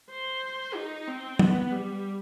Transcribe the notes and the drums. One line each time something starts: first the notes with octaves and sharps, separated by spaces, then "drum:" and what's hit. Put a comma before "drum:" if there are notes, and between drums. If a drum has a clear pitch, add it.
C5
D#4
C4
B3, drum: tom F#3
G3